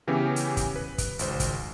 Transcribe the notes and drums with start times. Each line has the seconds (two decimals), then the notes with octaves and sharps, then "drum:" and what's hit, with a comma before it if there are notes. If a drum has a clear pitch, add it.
0.07 C#3 E3 B3 C#4 G4
0.36 drum: hi-hat
0.57 drum: kick, hi-hat
0.76 B4
0.98 drum: kick, hi-hat
1.19 G#1 C#2 C5, drum: hi-hat
1.40 drum: kick, hi-hat